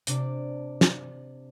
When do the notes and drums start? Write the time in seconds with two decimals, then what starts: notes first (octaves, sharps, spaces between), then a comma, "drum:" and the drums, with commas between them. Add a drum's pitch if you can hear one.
0.07 C3 D4 D5, drum: hi-hat
0.81 drum: snare